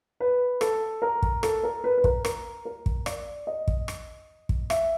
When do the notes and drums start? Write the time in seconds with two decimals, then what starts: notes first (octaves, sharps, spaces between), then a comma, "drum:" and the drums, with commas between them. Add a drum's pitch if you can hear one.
0.20 B4
0.61 A4, drum: rim click
1.02 A#4
1.22 drum: kick
1.43 A4, drum: rim click
1.63 A#4
1.84 B4
1.98 B4
2.04 A#4, drum: kick
2.25 A#4, drum: rim click
2.65 A#4
2.86 drum: kick
3.06 D5, drum: rim click
3.47 D#5
3.68 drum: kick
3.88 drum: rim click
4.49 drum: kick
4.70 E5, drum: rim click